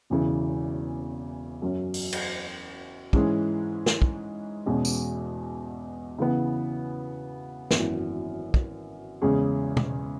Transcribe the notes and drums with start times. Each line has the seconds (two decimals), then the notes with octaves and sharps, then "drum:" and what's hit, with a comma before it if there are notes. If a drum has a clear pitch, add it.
0.10 E1 E2 C#3 E3
1.62 F#2 F#3 C#4
1.94 drum: open hi-hat
2.13 drum: cymbal
3.13 G#2 E3 G#3 C#4 G#4, drum: kick
3.86 drum: snare
4.02 drum: kick
4.66 E2 B2 G#3 C#4 G#4
4.85 drum: tambourine
6.18 C#3 E3 B3
7.71 G#1 F#2 E3 B3, drum: snare
8.54 drum: kick
9.22 E2 C#3 G#3 C#4 G#4
9.77 drum: tom